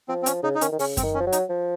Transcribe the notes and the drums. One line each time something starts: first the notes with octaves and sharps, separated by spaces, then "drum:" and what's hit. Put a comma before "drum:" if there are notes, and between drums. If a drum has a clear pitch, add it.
F3 C4
C4
F3 C#4, drum: hi-hat
C#3 D#4
D#4
D#3 C#4, drum: hi-hat
D#3
C#3 C#4, drum: open hi-hat
C4, drum: kick F#2, hi-hat
D#3
C#4
F3
F#3
D#4, drum: hi-hat
F3